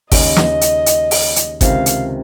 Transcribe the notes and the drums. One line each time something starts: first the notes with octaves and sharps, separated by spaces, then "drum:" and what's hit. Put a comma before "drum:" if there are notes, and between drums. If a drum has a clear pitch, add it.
D#2 C#3 G#3 D#5, drum: kick G#1, open hi-hat
drum: snare
drum: hi-hat
drum: hi-hat
drum: open hi-hat
drum: hi-hat
C#2 C3 D#3 F5, drum: kick G#1, hi-hat
drum: hi-hat